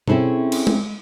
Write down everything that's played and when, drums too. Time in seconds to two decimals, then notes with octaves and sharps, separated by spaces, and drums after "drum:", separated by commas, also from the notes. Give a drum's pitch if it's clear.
0.08 C4 C#4 E4 G#4 A4, drum: tom B2
0.52 drum: cymbal
0.67 drum: tom G#3